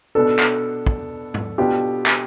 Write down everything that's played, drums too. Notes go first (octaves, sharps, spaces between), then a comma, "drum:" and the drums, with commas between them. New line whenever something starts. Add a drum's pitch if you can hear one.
B2 B3 D4 A4
drum: clap
drum: kick
drum: tom G#2
B2 B3 D4 F4 G4
drum: clap